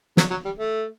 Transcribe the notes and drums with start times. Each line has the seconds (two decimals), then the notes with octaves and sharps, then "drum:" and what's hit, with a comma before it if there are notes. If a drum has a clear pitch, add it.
0.17 F#3, drum: snare
0.30 F#3
0.45 G3
0.59 A3